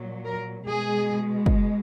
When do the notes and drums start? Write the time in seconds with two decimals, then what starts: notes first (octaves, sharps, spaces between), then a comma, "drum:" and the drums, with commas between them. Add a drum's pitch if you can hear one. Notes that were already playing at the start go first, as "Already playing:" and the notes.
Already playing: A#2 F#3
0.25 A#4
0.66 B2 G#3 G#4
1.46 drum: kick